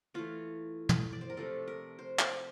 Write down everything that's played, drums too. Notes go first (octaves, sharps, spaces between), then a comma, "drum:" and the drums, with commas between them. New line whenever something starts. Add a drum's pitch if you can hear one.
E3 A3 F4
drum: tom
D5
C5
A#4
C3 F3 A3 A4
A#4
C5
D5, drum: clap